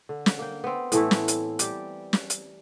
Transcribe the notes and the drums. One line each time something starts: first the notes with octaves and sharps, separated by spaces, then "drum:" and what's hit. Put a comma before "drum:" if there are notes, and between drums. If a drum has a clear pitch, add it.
D3
drum: snare
A#3 G5
B3 C4
A2 E3 A3 E4, drum: hi-hat
drum: snare
drum: hi-hat
G3 G4, drum: hi-hat
drum: snare
drum: hi-hat